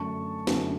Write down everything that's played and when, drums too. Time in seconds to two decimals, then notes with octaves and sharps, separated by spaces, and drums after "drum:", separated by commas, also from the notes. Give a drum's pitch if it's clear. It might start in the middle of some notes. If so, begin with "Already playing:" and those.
Already playing: F#2 D3 A3 D4 A5 C#6
0.47 F#2 D3 A3 D4, drum: snare